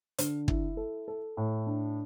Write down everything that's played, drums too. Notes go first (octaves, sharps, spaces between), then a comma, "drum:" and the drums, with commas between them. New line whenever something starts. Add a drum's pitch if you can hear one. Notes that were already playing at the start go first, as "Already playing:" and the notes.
D3, drum: hi-hat
E4, drum: kick
A4
A4
A2
D4